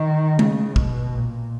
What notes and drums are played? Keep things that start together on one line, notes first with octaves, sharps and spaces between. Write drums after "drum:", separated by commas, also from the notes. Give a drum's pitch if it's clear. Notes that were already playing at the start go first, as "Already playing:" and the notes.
Already playing: D#3
C#3, drum: tom G#3
B2, drum: kick
A#2